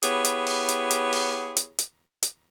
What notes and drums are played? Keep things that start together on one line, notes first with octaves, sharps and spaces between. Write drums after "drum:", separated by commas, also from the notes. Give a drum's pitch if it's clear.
B3 E4 G4 G#4 C#5, drum: hi-hat
drum: hi-hat
drum: open hi-hat
drum: hi-hat
drum: hi-hat
drum: open hi-hat
drum: hi-hat
drum: hi-hat
drum: hi-hat